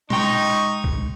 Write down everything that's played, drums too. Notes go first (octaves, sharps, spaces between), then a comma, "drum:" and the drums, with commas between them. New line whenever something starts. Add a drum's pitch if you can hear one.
G#3 D#4 G5 C#6, drum: tom
drum: kick B1